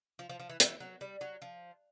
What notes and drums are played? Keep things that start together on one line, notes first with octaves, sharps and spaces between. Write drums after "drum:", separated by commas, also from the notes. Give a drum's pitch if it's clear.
F3
F3
F3
E3
E3, drum: hi-hat
F#3
G3
F#3
F3